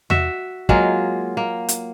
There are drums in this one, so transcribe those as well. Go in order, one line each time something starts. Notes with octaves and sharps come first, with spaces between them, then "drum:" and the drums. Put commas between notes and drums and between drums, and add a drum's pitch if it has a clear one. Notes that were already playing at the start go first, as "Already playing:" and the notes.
F#4 E5, drum: tom E2
F#3 G#3 A#3 F4, drum: kick
A#3
drum: hi-hat